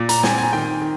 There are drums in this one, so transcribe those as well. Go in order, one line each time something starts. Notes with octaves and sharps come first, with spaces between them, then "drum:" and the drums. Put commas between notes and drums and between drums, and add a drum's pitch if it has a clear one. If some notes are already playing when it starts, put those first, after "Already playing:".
Already playing: A#2
A#5, drum: hi-hat
C4 G#5, drum: snare
G#5
D#3 G5
D#3